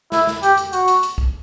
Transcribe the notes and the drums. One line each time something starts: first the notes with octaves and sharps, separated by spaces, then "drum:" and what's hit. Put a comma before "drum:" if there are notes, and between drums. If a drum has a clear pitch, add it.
E4, drum: snare
drum: snare
G4, drum: hi-hat
drum: hi-hat
F#4, drum: hi-hat
drum: hi-hat
drum: hi-hat
drum: kick